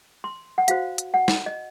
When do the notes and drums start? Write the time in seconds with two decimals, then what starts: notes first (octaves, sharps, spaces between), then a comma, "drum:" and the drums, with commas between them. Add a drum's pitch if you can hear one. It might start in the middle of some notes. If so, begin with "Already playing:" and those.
0.24 C6
0.58 F#5
0.68 F#4 C5 F5, drum: hi-hat
0.98 drum: hi-hat
1.14 F#5
1.28 drum: snare
1.46 D#5